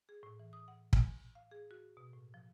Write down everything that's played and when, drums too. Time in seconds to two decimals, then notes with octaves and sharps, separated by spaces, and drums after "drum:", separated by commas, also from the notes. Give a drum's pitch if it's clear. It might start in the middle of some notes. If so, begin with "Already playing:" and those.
0.09 G#4
0.23 A2
0.39 E3
0.53 D#6
0.68 F#5
0.93 G#5, drum: kick
1.35 F5
1.51 G#4
1.71 F#4
1.97 B2
2.13 A2
2.34 F3